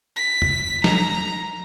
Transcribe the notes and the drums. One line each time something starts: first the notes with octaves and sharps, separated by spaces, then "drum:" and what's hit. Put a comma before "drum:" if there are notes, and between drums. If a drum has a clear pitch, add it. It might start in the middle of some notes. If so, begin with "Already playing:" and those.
B6
drum: tom E2
A#5, drum: snare